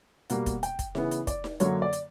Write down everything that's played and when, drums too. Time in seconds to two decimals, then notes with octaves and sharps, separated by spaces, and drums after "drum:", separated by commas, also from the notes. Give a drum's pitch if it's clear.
0.30 B2 G3 A#3 F#5, drum: hi-hat
0.46 drum: kick, hi-hat
0.63 G5, drum: hi-hat
0.79 drum: kick, hi-hat
0.95 C#3 E3 B3 E5, drum: snare D#4
1.11 drum: hi-hat
1.27 D5, drum: kick, hi-hat
1.44 drum: snare D#4
1.60 F#2 D3 F#3 A#3 C#5, drum: hi-hat
1.82 D5
1.93 drum: hi-hat